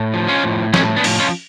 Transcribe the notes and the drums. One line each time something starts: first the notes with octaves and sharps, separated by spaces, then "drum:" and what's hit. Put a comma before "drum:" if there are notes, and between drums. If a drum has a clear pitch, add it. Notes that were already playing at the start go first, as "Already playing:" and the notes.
Already playing: A2
F3
C#4 F4
A2
A2 A3 C#4, drum: snare
B3 D4
F3, drum: open hi-hat
C#4 F4